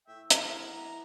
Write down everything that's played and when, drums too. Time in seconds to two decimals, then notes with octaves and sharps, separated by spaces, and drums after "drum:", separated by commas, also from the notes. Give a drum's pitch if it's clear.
0.07 A2 E5 G5
0.30 C4 D4 A#4 C5, drum: hi-hat
0.55 B3
0.68 E3 A#5